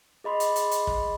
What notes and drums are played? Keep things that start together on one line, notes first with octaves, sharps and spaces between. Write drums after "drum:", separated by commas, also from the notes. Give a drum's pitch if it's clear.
G#4 D#5 B5 C6
drum: hi-hat
drum: hi-hat
drum: hi-hat
drum: kick